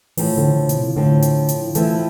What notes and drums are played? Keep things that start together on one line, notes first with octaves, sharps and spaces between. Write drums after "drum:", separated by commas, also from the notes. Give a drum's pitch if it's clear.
A2 E3 F3 C4, drum: open hi-hat
D3
E3
D3
A#2, drum: hi-hat
C3
A2 D3 F3 C4
drum: hi-hat
drum: hi-hat
E3 F3 A3 C4 E4, drum: hi-hat